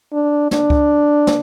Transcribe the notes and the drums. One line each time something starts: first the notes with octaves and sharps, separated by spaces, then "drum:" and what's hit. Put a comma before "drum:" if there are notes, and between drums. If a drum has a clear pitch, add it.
D4
D4, drum: snare
drum: kick C#2
drum: snare